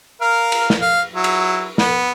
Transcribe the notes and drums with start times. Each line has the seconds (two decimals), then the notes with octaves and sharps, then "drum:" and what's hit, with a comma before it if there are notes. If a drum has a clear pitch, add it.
0.21 A#4 F5
0.52 drum: cymbal
0.70 drum: snare
0.81 F5
1.14 F#3 E4
1.24 drum: cymbal
1.78 B3, drum: snare